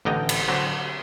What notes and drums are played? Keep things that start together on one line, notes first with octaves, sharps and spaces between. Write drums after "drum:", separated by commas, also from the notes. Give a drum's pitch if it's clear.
A1 D3 D#5 G5 A#5
drum: cymbal
D3 F#3 C4